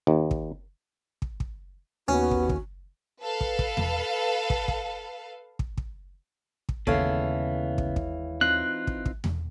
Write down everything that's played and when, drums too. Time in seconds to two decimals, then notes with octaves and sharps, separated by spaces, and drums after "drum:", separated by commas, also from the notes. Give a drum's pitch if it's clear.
0.07 D#2
0.31 drum: kick
1.22 drum: kick
1.40 drum: kick
2.08 D#2 B3 C#4 F#4
2.31 drum: kick
2.49 drum: kick
3.22 A4 B4 F5
3.41 drum: kick
3.59 drum: kick
3.77 drum: tom E2
4.50 drum: kick
4.68 drum: kick
5.59 drum: kick
5.78 drum: kick
6.69 drum: kick
6.87 D#2 C#3 E3 G#3 B3 A4 C#5 F5, drum: kick
7.78 drum: kick
7.96 drum: kick
8.41 C4 D#4 F4 F#6
8.87 drum: kick
9.06 drum: kick
9.24 drum: tom E2